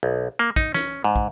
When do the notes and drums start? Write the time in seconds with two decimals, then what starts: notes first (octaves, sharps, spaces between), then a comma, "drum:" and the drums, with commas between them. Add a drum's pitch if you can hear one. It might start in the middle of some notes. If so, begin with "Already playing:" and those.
0.03 B1
0.39 A#3
0.56 D#4, drum: kick
0.74 C#4, drum: snare
1.04 G#2
1.16 drum: kick